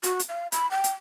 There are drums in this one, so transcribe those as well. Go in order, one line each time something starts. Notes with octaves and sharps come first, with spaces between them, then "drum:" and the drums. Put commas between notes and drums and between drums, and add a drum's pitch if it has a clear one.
F#4, drum: hi-hat
drum: hi-hat
F5
B5, drum: hi-hat
G5
drum: hi-hat